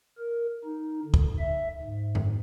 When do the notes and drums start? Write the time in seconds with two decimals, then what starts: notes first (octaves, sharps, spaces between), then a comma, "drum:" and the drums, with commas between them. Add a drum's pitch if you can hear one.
0.18 A#4
0.64 D#4
1.05 D3
1.14 drum: kick
1.39 E5
1.82 G#2
2.15 drum: tom F#2